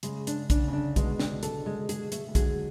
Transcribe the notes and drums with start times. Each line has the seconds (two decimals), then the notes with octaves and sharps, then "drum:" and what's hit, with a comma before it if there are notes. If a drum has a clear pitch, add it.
0.03 C#3 G#3, drum: hi-hat
0.27 D4, drum: hi-hat
0.50 C#3 D4, drum: kick, hi-hat
0.59 D3
0.68 C#3 D4
0.96 B2 D3 G#3, drum: kick, hi-hat
1.19 D4, drum: snare
1.43 A4, drum: hi-hat
1.66 G#3
1.89 G#4, drum: hi-hat
2.12 A3, drum: hi-hat
2.28 G#3
2.35 D3 F#3 G#4, drum: kick, hi-hat